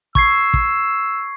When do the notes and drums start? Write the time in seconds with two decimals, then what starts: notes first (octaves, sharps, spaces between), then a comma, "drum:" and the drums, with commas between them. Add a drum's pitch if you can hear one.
0.15 C#6 E6 G#6 C7, drum: kick
0.54 drum: kick